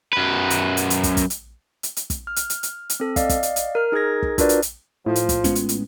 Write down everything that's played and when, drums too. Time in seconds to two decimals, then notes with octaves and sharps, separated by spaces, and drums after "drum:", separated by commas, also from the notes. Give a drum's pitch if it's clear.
0.13 F#2 B4
0.50 drum: hi-hat
0.77 drum: hi-hat
0.90 drum: hi-hat
1.03 drum: kick, hi-hat
1.17 drum: kick, hi-hat
1.30 drum: hi-hat
1.83 drum: hi-hat
1.97 drum: hi-hat
2.10 drum: kick, hi-hat
2.27 F6
2.36 drum: hi-hat
2.50 drum: hi-hat
2.63 drum: hi-hat
2.90 drum: hi-hat
3.00 C4 A4
3.16 D5 D#5 F5, drum: kick, hi-hat
3.29 drum: kick, hi-hat
3.43 drum: hi-hat
3.56 drum: hi-hat
3.75 A#4 F6
3.92 D#4 G#4 A#4 G#6 A#6
4.22 drum: kick
4.38 D4 F4 F#4 A#4 B4 D5, drum: kick, hi-hat
4.49 drum: hi-hat
4.62 drum: hi-hat
5.06 A2 F3 F4
5.16 drum: hi-hat
5.29 drum: kick, hi-hat
5.44 G#3 B3 C#4, drum: kick, hi-hat
5.55 drum: hi-hat
5.69 drum: hi-hat